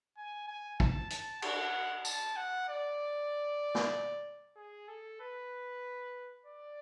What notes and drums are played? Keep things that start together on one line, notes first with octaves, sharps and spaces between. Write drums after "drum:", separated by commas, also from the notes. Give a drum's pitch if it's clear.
G#5
G#5
A5, drum: kick
A5, drum: hi-hat
F#5, drum: cymbal
A5, drum: tambourine
F#5
D5
drum: snare
G#4
A4
B4
D5